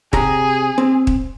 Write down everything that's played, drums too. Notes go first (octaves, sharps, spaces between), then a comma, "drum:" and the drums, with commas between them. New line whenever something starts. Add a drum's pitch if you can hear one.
C3 G4 G#4 A#5, drum: kick
C4
drum: kick